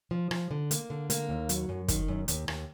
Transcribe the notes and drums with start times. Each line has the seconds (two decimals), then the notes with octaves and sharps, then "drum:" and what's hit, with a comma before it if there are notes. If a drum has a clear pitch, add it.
0.11 F3
0.31 F3, drum: rim click
0.51 D3
0.71 A#3, drum: hi-hat
0.90 D3
1.10 A#3, drum: hi-hat
1.29 D#2
1.49 F#3, drum: hi-hat
1.69 F#2
1.88 D#3, drum: kick, hi-hat
2.08 F#2
2.28 D#2, drum: hi-hat
2.48 D#2, drum: rim click